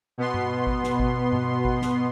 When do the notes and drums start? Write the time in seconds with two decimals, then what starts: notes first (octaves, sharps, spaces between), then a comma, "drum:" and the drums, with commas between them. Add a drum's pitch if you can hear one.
0.18 B2 B3 C6
0.34 drum: tom G2
0.67 drum: kick G#1
0.83 drum: snare
0.99 drum: kick G#1
1.32 drum: tom G2
1.65 drum: kick G#1
1.81 drum: snare